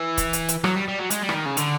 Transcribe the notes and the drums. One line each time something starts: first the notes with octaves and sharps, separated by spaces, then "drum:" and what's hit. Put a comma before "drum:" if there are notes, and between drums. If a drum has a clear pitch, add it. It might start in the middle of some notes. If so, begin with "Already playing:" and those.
Already playing: E3
drum: kick, hi-hat
drum: hi-hat
drum: hi-hat
F#3, drum: rim click
G3
G3
F#3
G#3, drum: hi-hat
G3
E3, drum: rim click
D#3
C#3
D3, drum: hi-hat